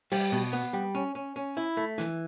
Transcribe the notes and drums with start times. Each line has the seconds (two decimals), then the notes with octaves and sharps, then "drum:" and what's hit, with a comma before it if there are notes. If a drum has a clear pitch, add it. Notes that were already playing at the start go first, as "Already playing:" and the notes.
0.12 G3, drum: open hi-hat
0.32 B2
0.53 B3
0.73 G3
0.95 C#4
1.15 C#4
1.36 C#4
1.57 E4
1.77 A3
1.98 E3, drum: snare